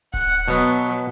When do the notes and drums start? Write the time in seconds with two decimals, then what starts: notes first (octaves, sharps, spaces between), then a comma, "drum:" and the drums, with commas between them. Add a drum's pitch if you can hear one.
0.14 F#5, drum: kick D1, hi-hat
0.37 drum: hi-hat
0.48 B2 F#3 B3
0.61 drum: open hi-hat
0.84 drum: hi-hat